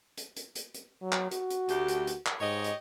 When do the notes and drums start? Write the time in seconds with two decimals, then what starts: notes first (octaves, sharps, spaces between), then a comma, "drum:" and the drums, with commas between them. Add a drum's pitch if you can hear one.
0.17 drum: hi-hat
0.36 drum: hi-hat
0.55 drum: hi-hat
0.74 drum: hi-hat
1.02 F#3
1.12 drum: clap
1.31 F#4, drum: hi-hat
1.50 drum: hi-hat
1.69 D2 G4, drum: hi-hat
1.88 drum: hi-hat
2.07 drum: hi-hat
2.26 drum: clap
2.41 G#2 G4 C#5 D#5
2.64 drum: hi-hat